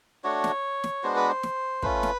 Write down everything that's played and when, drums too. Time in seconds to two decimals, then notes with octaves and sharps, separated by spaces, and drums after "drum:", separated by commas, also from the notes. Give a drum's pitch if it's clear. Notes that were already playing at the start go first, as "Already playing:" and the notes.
0.24 A3 D4 F#4 C#5
0.44 drum: snare
0.84 drum: snare
1.03 G#3 B3 D4 F#4 C5
1.16 B4
1.29 C5
1.43 drum: snare
1.82 A3 C#4 F4 B4, drum: kick
2.03 drum: snare